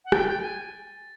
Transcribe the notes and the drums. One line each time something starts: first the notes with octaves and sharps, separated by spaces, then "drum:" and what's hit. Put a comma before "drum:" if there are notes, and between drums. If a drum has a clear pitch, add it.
F#5
G5 A6, drum: rim click
G5
G#5